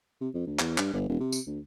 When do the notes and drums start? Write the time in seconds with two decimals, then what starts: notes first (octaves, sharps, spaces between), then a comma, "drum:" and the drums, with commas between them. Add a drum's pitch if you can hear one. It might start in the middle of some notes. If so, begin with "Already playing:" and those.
0.21 C3
0.34 F2
0.47 D2
0.59 E2, drum: clap
0.78 G2, drum: clap
0.93 G1
1.08 E1
1.20 C3
1.32 drum: tambourine
1.47 D2